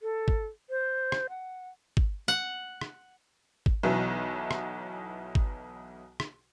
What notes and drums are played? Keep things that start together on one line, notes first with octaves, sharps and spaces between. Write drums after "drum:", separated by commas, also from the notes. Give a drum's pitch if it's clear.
A4
drum: kick
C5
drum: rim click
F#5
drum: kick
F#5
drum: rim click
drum: kick
B1 B2 E3 F#3
drum: rim click
drum: kick
drum: rim click